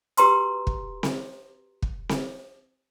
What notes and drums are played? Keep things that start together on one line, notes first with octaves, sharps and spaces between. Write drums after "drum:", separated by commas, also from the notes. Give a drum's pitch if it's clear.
F#4 G4 B4 A#5 C6 E6, drum: hi-hat
drum: kick
drum: snare C4
drum: kick
drum: snare C4